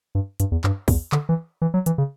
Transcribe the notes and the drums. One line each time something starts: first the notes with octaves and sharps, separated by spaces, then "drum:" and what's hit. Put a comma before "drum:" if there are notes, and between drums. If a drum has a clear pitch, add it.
G2
G2, drum: hi-hat
E2
G2, drum: clap
E2, drum: kick, open hi-hat
D3, drum: clap
E3
E3
F#3
E3, drum: hi-hat
C#3